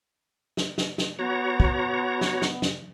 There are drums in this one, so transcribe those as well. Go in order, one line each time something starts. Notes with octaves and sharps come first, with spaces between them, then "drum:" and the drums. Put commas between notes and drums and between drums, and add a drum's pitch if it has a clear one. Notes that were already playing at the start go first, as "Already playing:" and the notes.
drum: snare
drum: snare
drum: snare
B3 F#4 C#5 A#5
drum: kick
drum: snare
drum: snare
drum: snare